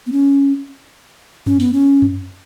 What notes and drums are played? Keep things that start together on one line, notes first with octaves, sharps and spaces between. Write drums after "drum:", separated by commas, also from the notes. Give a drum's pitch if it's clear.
B3
C#4
C#4, drum: tom F#2
B3, drum: open hi-hat
C#4
drum: tom F#2